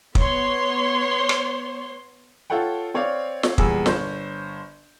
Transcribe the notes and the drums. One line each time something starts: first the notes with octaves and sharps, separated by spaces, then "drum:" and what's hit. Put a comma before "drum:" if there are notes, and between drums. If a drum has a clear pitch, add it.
B3 C#5 C6, drum: kick
drum: rim click
F4 A4 C#5 F#5 G5
C4 C#5 D5 F5
drum: snare
E2 A#2 G3 G#4 E6, drum: kick
G1 C5 C#5, drum: snare